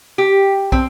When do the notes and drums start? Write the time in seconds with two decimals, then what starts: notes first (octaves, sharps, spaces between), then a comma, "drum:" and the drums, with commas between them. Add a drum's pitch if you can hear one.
0.18 G4
0.72 C4, drum: kick